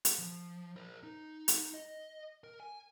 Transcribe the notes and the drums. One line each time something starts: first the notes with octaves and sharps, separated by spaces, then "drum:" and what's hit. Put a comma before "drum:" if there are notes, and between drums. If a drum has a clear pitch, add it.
drum: hi-hat
F3
A#4 C5
D#4
drum: hi-hat
D#5
A#4
G#5